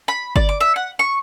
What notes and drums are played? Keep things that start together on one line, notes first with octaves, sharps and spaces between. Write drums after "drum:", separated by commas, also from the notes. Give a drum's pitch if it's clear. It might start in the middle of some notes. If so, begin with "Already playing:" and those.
B5
D5, drum: kick G1
D6
E5
F#5
C#6